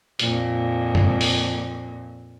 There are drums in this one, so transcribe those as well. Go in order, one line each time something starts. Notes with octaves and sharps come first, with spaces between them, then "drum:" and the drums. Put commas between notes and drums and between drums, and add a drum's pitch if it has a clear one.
F2 A#2, drum: hi-hat
drum: tom F#2
drum: open hi-hat